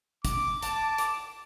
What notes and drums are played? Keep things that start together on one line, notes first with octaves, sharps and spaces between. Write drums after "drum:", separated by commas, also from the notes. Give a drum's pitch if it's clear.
D6, drum: kick, hi-hat
A5, drum: hi-hat
drum: hi-hat